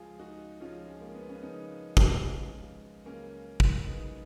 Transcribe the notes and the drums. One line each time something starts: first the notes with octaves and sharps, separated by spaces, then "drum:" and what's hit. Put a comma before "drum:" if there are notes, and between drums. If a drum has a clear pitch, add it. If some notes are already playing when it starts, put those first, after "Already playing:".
Already playing: C#2 C#3 F3 F4 G#4
D#4 F#4
C#2 C#3 F3 C#4 F4
G#3
A#3
B3
C#4
C#2 C#3 F3 B3 D#4
drum: kick
C#2 C#3 F3
C#2 C#3 F#3 A#3 C#4
drum: kick
C#2 C#3 F#3 B3 D#4